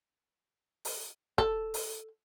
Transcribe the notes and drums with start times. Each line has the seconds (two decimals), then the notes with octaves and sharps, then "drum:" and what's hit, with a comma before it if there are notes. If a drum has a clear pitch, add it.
0.85 drum: open hi-hat
1.38 A4, drum: kick
1.74 drum: open hi-hat